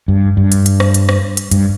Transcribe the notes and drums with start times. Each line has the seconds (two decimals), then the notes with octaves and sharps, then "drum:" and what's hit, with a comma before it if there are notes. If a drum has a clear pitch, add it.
0.08 G2
0.37 G2
0.52 drum: hi-hat
0.66 drum: hi-hat
0.80 drum: rim click
0.94 drum: hi-hat
1.09 drum: rim click
1.37 drum: hi-hat
1.51 G2, drum: hi-hat